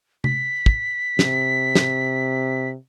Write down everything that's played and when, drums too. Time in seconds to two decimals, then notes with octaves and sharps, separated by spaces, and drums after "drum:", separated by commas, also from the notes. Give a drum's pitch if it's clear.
0.24 B6, drum: tom C3
0.66 drum: kick
1.19 C3, drum: snare
1.75 drum: snare